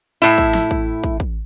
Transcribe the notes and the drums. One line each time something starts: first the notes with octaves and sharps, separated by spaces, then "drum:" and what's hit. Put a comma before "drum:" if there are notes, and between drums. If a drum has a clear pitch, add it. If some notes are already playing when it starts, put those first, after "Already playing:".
A2 E4
drum: kick
drum: snare
drum: kick
drum: kick
drum: kick